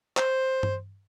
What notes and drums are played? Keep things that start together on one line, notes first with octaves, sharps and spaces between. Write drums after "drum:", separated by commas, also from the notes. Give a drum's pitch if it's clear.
C5, drum: clap
drum: tom G2